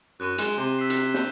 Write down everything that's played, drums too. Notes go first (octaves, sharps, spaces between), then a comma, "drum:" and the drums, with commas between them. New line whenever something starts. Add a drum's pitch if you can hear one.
F#2 F#6 D#7
G#3 E7 G7, drum: hi-hat
C3
E6 B6 C7
drum: hi-hat
G6, drum: snare